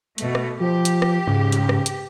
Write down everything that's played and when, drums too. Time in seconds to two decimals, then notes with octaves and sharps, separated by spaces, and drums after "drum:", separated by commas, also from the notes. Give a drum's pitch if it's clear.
0.18 B2 A3, drum: hi-hat
0.35 drum: rim click
0.60 F3 G4
0.85 drum: hi-hat
1.02 drum: rim click
1.27 G#2 C#3
1.52 drum: hi-hat
1.69 drum: rim click
1.86 drum: hi-hat